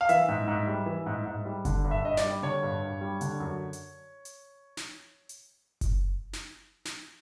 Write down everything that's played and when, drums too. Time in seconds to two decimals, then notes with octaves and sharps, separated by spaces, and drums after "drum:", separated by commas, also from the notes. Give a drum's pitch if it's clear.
0.01 F5
0.09 E3 E5, drum: hi-hat
0.28 G#2
0.48 G#2
0.67 G3
0.86 E3
1.06 G#2
1.26 G#2
1.45 G3
1.65 D3, drum: kick F#1, hi-hat
1.84 G2
1.91 E5
2.04 G2 D#5
2.17 D5, drum: snare
2.24 G3
2.42 D3 C#5
2.63 G2
2.82 G2
3.01 G3
3.21 D3, drum: hi-hat
3.40 F#2
3.73 drum: hi-hat
4.25 drum: hi-hat
4.77 drum: snare
5.29 drum: hi-hat
5.81 drum: kick F#1, hi-hat
6.33 drum: snare
6.85 drum: snare